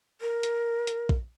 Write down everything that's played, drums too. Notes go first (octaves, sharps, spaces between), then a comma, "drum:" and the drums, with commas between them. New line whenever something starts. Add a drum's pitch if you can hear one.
A#4
drum: hi-hat
drum: hi-hat
drum: kick